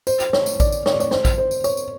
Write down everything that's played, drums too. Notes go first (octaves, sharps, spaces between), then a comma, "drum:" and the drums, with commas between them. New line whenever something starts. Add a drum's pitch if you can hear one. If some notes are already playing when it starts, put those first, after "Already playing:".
C5, drum: tambourine
drum: tambourine
C#5, drum: snare
drum: tambourine
D5, drum: kick A1, tambourine
drum: tambourine
C#5, drum: snare
D5
C#5, drum: tambourine
C5, drum: snare
drum: kick A1, tambourine
C5
drum: tambourine
C#5, drum: tambourine
drum: tambourine